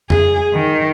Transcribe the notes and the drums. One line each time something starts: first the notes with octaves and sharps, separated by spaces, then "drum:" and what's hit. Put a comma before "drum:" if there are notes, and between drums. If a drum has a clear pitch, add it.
G#4, drum: tom F2
D#3